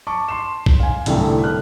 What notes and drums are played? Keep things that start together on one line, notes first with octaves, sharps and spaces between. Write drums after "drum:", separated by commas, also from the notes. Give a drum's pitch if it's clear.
A5 C#6 D6
C6 C7 E7
drum: kick B1
F5 G#5
C2 A2 D3 G3 A3, drum: hi-hat
A4 F6 F#6